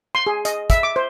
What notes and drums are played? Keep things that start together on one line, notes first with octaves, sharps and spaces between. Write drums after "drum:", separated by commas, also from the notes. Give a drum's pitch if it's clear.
C6
G#4
D#5, drum: hi-hat
E5, drum: kick, hi-hat
D6
C5